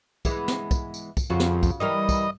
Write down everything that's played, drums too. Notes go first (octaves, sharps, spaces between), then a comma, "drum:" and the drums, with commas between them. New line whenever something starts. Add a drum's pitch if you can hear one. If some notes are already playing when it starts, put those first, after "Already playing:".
E3 G#3 B3, drum: kick, tambourine
drum: snare
drum: kick, tambourine
drum: tambourine
drum: kick, tambourine
F2 C#3 F4 F#4
drum: snare
drum: kick, tambourine
E3 G3 A#4 D#5
drum: kick, tambourine